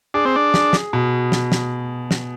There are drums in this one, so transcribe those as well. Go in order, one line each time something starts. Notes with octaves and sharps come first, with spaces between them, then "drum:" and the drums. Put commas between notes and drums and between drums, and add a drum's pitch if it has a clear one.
D4 G#4
C4
D4
G#4, drum: snare
drum: snare
B2
drum: snare
drum: snare
drum: snare